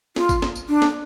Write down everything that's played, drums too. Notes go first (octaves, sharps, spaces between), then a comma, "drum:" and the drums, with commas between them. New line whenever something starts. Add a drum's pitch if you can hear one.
F4, drum: snare
drum: kick G#1, tambourine
drum: snare
drum: tambourine
D4
drum: snare